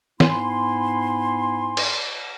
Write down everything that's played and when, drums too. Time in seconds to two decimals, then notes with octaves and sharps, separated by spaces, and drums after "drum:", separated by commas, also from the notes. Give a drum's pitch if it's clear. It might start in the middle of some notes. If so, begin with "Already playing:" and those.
0.20 G#2 B3 E4 G#5 C6, drum: snare
1.77 drum: cymbal